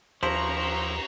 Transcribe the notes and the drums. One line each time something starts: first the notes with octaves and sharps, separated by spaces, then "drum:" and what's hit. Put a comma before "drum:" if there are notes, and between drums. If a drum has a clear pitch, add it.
D#2 F3 E4 C5 A#5 C#6, drum: cymbal